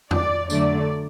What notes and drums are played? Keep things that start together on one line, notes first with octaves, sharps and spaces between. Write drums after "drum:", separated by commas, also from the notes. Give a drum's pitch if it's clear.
D5, drum: tom F2
D3 F#3 A3 D5, drum: tambourine